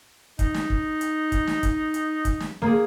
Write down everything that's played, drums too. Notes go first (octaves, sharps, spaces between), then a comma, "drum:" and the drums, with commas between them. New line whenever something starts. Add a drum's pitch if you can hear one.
D#4, drum: kick, hi-hat
drum: snare
drum: kick
drum: hi-hat
drum: kick, hi-hat
drum: snare
drum: kick, hi-hat
drum: hi-hat
drum: kick, hi-hat
drum: snare
A#3 G#4